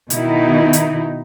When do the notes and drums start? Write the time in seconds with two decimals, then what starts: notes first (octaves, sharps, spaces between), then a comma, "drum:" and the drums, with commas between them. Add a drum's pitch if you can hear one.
0.10 B2 D#3 D#4 E4, drum: hi-hat
0.73 drum: hi-hat